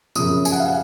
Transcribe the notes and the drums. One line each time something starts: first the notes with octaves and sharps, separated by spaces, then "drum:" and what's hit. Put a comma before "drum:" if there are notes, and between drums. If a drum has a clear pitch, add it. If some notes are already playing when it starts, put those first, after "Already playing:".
F#2 C#3 F3 D#6, drum: tambourine
G#5, drum: tambourine
F#5
F5
F#5